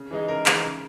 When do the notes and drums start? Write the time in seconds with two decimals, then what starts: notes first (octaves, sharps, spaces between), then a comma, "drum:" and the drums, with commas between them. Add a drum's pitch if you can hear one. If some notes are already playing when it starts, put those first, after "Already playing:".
Already playing: C#3
0.11 E3 G#3 D#4
0.28 C#3 A#4
0.46 E3 G#3 D#4, drum: clap
0.64 C#3